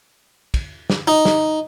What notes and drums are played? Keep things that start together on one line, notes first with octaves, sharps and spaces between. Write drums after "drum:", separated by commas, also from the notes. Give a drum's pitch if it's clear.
drum: kick, cymbal
drum: snare
D#4
drum: snare